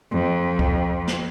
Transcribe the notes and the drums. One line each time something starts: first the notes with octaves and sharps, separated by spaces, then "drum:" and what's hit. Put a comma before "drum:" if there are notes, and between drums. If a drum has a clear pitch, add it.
F2
drum: kick
drum: snare